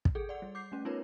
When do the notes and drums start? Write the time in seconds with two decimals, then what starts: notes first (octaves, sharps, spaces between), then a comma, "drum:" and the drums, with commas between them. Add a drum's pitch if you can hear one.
0.05 drum: kick
0.15 G#4 A4
0.29 D5 F#5
0.42 G3
0.55 D6 G6 C7
0.72 A3 C#4
0.85 B3 D#4 F4 A#4 B4 C#5